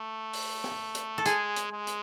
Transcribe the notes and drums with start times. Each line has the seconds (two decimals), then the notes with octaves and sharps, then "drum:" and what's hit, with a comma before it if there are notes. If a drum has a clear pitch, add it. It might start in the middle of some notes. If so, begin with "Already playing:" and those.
Already playing: A3
0.33 drum: open hi-hat
0.64 drum: rim click
0.95 drum: hi-hat
1.18 A4
1.25 G#3 G#4, drum: hi-hat
1.56 drum: hi-hat
1.72 G#3
1.87 drum: hi-hat